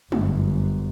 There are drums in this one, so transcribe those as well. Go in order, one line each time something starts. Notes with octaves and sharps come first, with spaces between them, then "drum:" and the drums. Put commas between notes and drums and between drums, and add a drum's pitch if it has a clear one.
G1 F#2, drum: tom G3